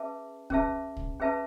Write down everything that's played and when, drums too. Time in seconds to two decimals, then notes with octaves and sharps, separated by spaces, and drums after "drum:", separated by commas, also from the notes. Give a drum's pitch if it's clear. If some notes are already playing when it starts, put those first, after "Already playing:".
Already playing: C#4 G#4 B4 E5 A5
0.50 C#4 G#4 B4 E5 A5, drum: kick
0.97 drum: kick
1.20 C#4 G#4 B4 E5 A5